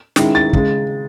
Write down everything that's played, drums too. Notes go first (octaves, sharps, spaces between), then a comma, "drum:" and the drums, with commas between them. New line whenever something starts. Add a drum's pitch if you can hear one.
D#3 G#3 C#4 E4, drum: snare
A6
C#3 G#3, drum: kick